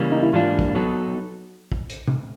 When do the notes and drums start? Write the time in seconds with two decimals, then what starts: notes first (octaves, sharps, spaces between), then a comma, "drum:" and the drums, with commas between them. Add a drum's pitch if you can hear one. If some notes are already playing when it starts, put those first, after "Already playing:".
Already playing: C#3 E3 G3 A#3
0.12 D#4
0.22 E4
0.33 G#2 E3 G3 A#3 D4 F4
0.59 drum: kick
0.75 F#3 B3 D#4 F#4 A4
1.72 drum: kick
1.90 drum: hi-hat
2.08 drum: tom C3